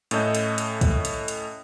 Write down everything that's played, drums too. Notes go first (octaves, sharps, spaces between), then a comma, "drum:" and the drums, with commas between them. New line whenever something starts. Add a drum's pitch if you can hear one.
A2 C#4 A4 D#5 G6, drum: hi-hat
drum: hi-hat
drum: hi-hat
drum: kick, hi-hat
drum: hi-hat
drum: hi-hat